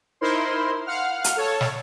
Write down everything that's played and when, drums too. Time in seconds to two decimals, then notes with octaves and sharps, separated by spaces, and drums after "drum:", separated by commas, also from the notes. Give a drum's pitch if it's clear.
0.21 D#4 E4 A#4 C5 C6
0.86 F5 F#5 F6
1.24 drum: hi-hat
1.36 A4 C#5 A5
1.61 drum: snare